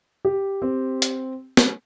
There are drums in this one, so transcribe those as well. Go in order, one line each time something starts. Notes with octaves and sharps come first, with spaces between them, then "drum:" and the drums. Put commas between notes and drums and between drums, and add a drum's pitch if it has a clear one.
G4
C4
drum: hi-hat
drum: snare